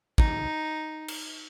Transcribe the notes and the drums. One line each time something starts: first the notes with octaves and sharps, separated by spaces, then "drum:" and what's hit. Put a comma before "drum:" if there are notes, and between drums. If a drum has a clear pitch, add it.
D#4, drum: kick
drum: cymbal